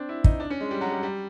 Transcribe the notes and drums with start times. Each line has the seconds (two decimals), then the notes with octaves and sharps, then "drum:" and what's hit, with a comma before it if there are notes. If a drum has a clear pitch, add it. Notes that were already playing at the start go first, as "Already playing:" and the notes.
Already playing: C4 D4
0.09 E4
0.24 D#4, drum: kick
0.40 D4
0.50 C#4
0.61 G#3
0.71 G3
0.81 F#3
0.92 G3
1.03 G3